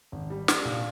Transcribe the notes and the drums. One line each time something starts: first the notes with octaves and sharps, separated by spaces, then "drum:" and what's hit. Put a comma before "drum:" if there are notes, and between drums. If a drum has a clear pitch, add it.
G#1
G3
D4, drum: snare
A#2